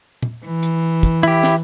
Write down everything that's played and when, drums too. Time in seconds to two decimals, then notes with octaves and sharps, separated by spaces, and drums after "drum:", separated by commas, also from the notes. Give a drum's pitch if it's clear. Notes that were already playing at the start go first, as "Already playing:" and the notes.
0.23 drum: tom A#2
0.46 E3
0.63 drum: hi-hat
1.03 drum: kick, hi-hat
1.23 E4 G4
1.43 drum: snare